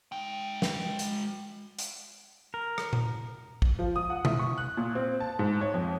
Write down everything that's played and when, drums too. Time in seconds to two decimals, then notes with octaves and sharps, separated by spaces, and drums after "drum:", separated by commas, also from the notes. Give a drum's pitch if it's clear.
0.12 G#3 G5
0.62 drum: snare
0.99 drum: hi-hat
1.79 drum: hi-hat
2.54 A#4
2.78 drum: rim click
2.93 drum: tom A#2
3.62 drum: kick
3.79 F3
3.96 D#6
4.10 F#5
4.25 E4, drum: tom B2
4.39 C#6
4.58 F#6
4.77 A#2
4.95 C4
5.20 A5
5.39 G#2
5.61 C#5
5.74 F2